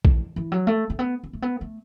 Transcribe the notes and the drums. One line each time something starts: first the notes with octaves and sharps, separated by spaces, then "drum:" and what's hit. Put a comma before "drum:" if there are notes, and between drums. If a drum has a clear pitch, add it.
E3, drum: kick A#1
E3
F#3
A3
A3
B3
B3
A3
B3
A3